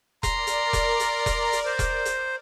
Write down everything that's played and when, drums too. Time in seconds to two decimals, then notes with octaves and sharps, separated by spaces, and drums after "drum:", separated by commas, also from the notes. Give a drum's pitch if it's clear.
0.23 A#4 D5 A#5 C6, drum: kick E1, hi-hat
0.47 drum: hi-hat
0.73 drum: kick E1, hi-hat
1.00 drum: hi-hat
1.26 drum: kick E1, hi-hat
1.52 drum: hi-hat
1.66 C5
1.79 drum: kick E1, hi-hat
2.05 drum: hi-hat